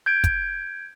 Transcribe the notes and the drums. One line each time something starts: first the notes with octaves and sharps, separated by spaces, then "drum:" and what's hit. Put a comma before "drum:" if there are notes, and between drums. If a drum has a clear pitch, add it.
G6 G#6 D7
drum: kick, hi-hat